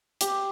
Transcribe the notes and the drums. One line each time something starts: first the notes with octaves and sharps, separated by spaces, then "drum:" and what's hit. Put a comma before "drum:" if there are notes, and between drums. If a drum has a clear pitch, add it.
G4, drum: hi-hat